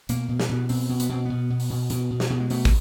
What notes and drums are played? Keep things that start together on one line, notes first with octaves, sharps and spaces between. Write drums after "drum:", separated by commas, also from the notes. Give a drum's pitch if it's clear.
B2 A#3, drum: hi-hat
B2
B3, drum: snare
B2
B2 C4, drum: open hi-hat
B2
B3, drum: hi-hat
B2 C4
B2 B3
B2
drum: open hi-hat
B2
B2, drum: hi-hat
B2
drum: snare
B2
G#3
B2 A3, drum: open hi-hat
drum: kick, open hi-hat